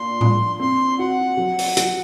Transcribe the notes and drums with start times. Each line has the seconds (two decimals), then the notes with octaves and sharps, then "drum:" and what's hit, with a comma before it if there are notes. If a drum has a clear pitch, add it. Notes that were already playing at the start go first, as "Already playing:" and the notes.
Already playing: A#2 D4 C6
0.21 F3, drum: tom A2
0.59 C4 C6
0.98 F#4 F#5
1.37 F#3
1.59 drum: open hi-hat
1.77 F#3, drum: hi-hat